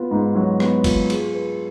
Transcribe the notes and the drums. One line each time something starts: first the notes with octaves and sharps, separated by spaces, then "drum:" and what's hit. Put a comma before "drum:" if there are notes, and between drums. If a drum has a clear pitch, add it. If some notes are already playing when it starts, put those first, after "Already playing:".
Already playing: B3 F4
G#2
F#3
B3, drum: rim click
F4, drum: kick, cymbal
G#4, drum: cymbal
B4